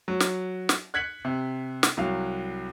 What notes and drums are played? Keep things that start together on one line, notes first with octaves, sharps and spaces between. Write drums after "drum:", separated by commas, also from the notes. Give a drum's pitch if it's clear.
F#3
drum: snare
drum: snare
F#6 G#6 B6 C#7 F#7
C3
drum: snare
C2 F#3 F5